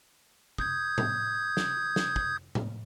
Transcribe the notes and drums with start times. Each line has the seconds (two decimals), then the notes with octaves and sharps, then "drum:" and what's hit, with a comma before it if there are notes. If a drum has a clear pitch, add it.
0.58 D#6 G6 G#6, drum: kick
0.98 drum: tom A2
1.57 drum: snare
1.96 drum: snare
2.16 drum: kick
2.55 drum: tom A2